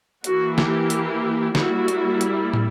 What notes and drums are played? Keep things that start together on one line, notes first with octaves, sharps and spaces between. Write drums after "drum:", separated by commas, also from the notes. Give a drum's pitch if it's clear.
E3 A#3 E4 F#4, drum: hi-hat
G4, drum: snare
drum: hi-hat
G3 A#3 E4 F#4, drum: snare
drum: hi-hat
drum: hi-hat
drum: tom